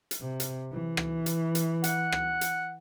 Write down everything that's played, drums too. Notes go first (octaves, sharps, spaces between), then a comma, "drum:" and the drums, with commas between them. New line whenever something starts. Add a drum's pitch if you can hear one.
drum: hi-hat
C3
drum: hi-hat
E3
drum: rim click
drum: hi-hat
drum: hi-hat
F#5, drum: hi-hat
drum: rim click
drum: hi-hat